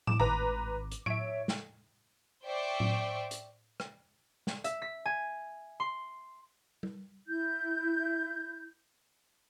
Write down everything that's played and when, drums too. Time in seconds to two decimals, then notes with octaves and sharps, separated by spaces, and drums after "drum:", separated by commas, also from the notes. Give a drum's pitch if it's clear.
0.07 D6 E7, drum: tom A2
0.20 G#1 B4 A#5
0.92 drum: hi-hat
1.06 C#5 E5 D7, drum: tom A2
1.48 drum: snare
2.45 C5 D5 E5 G5 C#6 D6
2.80 drum: tom A2
3.31 drum: hi-hat
3.80 drum: rim click
4.47 drum: snare
4.64 E5, drum: hi-hat
4.82 B6
5.06 G#5
5.80 C6
6.83 drum: tom G3
7.27 E4 G6